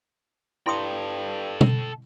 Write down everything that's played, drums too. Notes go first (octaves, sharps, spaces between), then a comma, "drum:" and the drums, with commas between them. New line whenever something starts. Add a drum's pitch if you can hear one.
G2 E4 A4 G5 C6 D#6
drum: tom B2